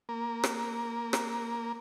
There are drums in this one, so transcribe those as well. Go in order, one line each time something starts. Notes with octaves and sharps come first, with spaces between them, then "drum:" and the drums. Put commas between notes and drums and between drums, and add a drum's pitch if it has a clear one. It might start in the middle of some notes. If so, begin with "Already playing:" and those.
A#3 A#4
drum: rim click
drum: rim click